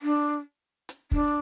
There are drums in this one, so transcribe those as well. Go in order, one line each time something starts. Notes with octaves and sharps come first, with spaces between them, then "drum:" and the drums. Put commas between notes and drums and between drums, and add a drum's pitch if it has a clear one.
D4
drum: hi-hat
D4, drum: kick